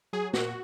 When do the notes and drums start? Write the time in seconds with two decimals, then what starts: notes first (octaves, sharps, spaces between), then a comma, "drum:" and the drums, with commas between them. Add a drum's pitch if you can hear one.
0.13 F#3 G#4
0.33 A#2 F#4, drum: snare